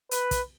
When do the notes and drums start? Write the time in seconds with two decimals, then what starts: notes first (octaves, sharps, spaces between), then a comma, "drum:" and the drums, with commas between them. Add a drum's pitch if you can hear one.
0.11 B4, drum: hi-hat
0.31 drum: kick, hi-hat